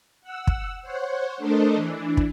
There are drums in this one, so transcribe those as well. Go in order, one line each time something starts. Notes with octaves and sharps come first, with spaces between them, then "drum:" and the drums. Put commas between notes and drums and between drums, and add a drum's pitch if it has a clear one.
F#5 E6
drum: kick
C5 C#5 F#5
A3 D4 A4 A#4 C5 D#5
E3 D4
drum: kick